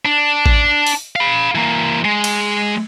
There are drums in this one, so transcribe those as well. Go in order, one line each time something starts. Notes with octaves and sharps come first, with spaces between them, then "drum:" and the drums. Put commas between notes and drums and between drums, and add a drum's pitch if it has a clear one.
D4
drum: kick A1
drum: open hi-hat
F5 B5
E3 A#3
G#3
drum: cymbal